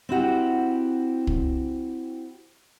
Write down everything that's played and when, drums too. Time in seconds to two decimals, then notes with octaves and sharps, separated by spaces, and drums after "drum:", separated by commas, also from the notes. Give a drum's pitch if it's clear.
0.09 C4 E4 F#4 G4
1.27 drum: kick